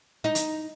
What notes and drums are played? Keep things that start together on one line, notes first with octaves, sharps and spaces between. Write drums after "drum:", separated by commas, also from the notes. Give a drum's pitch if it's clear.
D#4
drum: hi-hat